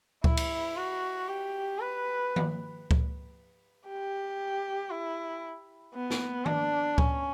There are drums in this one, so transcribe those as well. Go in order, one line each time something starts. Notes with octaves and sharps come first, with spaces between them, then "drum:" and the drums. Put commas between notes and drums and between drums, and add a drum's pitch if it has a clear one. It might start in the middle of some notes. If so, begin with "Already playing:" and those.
E4, drum: kick C#2
drum: cymbal
F#4
G4
B4
drum: tom D#3
drum: kick C#2
G4
E4
B3
drum: snare
D4, drum: tom D#3
C#4, drum: kick C#2